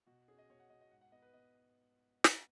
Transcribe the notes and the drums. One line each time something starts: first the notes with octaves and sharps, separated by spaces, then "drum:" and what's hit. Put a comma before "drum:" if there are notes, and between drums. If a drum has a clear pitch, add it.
B2 F#4
C#4 G#4
D#5
B2 C#5
F#5
B2 D#5
D#5
G#2 F#5
F#5
B3 D#5
B4
B3 D#5
drum: snare